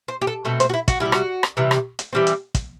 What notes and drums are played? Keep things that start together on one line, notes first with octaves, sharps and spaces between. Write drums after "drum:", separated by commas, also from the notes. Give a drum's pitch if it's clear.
C5
G4
A4
B2 A3 C4 A4
C5, drum: hi-hat
F#4
E4
F#4, drum: kick, hi-hat
E3 G3 E4
C3
F#4, drum: rim click
drum: rim click
C3 E3 G3
drum: rim click
drum: hi-hat
E3 G3 C4
drum: hi-hat
drum: kick, hi-hat